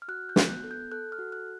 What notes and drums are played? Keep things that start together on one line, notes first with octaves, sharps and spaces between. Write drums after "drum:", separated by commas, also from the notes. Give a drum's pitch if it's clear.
F6
F#4 F#6
G6
B3, drum: snare
F#6
A4
G6
A4 F#6
F6
F#4
F#6